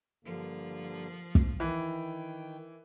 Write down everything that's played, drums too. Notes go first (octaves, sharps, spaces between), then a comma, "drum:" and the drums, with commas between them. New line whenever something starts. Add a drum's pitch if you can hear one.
G2 D3 F3 A#3
drum: kick
D#3 E3 G5